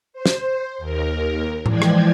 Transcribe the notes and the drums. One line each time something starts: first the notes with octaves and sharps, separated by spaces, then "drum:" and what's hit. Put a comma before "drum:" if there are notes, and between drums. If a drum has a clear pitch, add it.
C5
drum: snare
D#2 A#4
E3 F3 G#3 D5 G5 G#6, drum: tom A2
drum: rim click